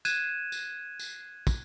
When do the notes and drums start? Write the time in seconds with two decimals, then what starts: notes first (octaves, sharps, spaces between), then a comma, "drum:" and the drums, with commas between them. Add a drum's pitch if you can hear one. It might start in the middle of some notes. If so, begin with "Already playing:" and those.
0.05 F#6 G#6 D#7 E7, drum: tambourine
0.52 drum: tambourine
0.99 drum: tambourine
1.47 drum: kick, tambourine